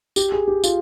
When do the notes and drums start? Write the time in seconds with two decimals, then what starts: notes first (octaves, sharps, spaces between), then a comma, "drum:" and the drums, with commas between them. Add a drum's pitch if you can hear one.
0.16 G4, drum: tambourine
0.32 G#4
0.48 G4
0.64 F4, drum: tambourine